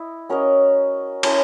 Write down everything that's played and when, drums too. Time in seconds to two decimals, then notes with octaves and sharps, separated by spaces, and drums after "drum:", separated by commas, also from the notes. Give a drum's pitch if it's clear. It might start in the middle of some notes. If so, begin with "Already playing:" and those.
Already playing: E4 D#5
0.29 C#4 F#4 A#4 D#5
1.23 C#4 E4 A#4, drum: cymbal